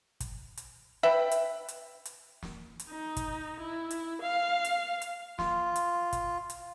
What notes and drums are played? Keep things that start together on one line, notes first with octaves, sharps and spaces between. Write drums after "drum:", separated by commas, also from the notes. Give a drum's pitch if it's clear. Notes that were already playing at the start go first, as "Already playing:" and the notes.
drum: kick, hi-hat
drum: hi-hat
B4 E5 G5
drum: hi-hat
drum: hi-hat
drum: hi-hat
drum: snare
drum: hi-hat
D#4
drum: kick, hi-hat
E4
drum: hi-hat
F5
drum: hi-hat
drum: hi-hat
F4, drum: snare
drum: hi-hat
drum: kick, hi-hat
drum: hi-hat